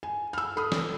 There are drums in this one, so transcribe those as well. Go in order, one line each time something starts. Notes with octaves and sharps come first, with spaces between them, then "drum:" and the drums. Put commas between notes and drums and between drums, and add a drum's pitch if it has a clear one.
G#5
E6 F6
A4 B5 D#6
drum: snare